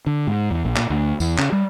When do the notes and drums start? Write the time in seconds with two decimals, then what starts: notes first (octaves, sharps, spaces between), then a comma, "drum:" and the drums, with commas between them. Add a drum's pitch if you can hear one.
0.06 D3
0.27 G#2
0.51 E2
0.65 A#1
0.76 A#2, drum: clap
0.90 D2
1.20 E2, drum: tambourine
1.38 C#3, drum: clap
1.52 G3